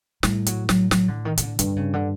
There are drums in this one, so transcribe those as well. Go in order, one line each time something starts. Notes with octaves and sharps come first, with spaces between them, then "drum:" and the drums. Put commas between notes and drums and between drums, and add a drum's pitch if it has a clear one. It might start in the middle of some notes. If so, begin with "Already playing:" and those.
A2 G3, drum: snare
F#3, drum: hi-hat
F#3, drum: snare
F#3, drum: snare
D3
D#3
D#3, drum: hi-hat
D3
G2 D3, drum: hi-hat
C#3
D3